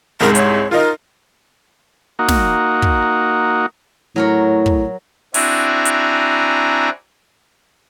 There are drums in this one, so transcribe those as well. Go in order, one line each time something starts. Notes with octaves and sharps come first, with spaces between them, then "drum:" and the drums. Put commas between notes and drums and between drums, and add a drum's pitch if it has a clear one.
C2 G#2 A#4
C#5, drum: hi-hat
D#4 F4 A#4
A#3 D#4 F#4
drum: snare
drum: kick
A2 F#3 A#4 C#5
drum: kick
C4 D4 E4 F#4 G#5 A#5, drum: open hi-hat
drum: hi-hat